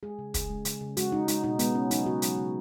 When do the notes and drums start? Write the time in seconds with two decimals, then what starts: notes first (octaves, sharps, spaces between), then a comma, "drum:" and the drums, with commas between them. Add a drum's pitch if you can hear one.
0.03 G#3 G#4
0.19 C#3
0.34 C#3 G#4, drum: kick, hi-hat
0.50 G#3
0.65 C#3, drum: hi-hat
0.81 C#3
0.97 G#3 F#4, drum: hi-hat
1.12 G#3 D#4
1.28 G#3 D#4, drum: hi-hat
1.44 B2 D#4
1.59 G#3 B3, drum: hi-hat
1.75 G#3 C#4
1.91 F#3 D#4, drum: hi-hat
2.06 C#3 F#4
2.22 F#3, drum: hi-hat
2.38 C#3